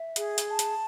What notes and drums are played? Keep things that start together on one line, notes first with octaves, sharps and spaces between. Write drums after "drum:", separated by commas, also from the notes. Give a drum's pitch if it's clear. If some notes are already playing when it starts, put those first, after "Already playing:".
Already playing: E5
G#4, drum: hi-hat
drum: hi-hat
A5
drum: hi-hat